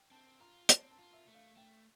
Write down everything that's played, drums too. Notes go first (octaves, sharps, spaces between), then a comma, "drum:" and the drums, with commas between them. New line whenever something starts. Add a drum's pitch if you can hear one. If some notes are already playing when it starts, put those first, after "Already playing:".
Already playing: G5
C4 A5
F4 A#5
C4 A5, drum: hi-hat
A5
F4
E5
A3
F5
A3 G5